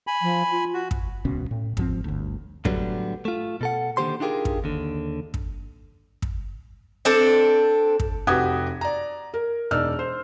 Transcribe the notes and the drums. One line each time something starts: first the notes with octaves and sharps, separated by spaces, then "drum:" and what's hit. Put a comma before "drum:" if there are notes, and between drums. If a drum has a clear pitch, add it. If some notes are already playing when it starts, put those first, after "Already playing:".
G#5 B5
F3
F4
F#4
drum: kick
D#1 C#2 B2 C#4
A2
G#2 F3 C4, drum: kick
G1 D2
A2 D3 F#3 G3 B3, drum: kick
A3 F4
B2 A4 F#5
D3 D#3 A#3 G4 C5 C6
D4 D#4 F4 G4 G#4 A#4
drum: kick
D#2 D3
drum: kick
drum: kick
C4 D4 A4
drum: kick
F1 F#4 G4 B4 D#6 G#6
D5 A#5
A#4
E1 D#4 D5 E6 F6
C5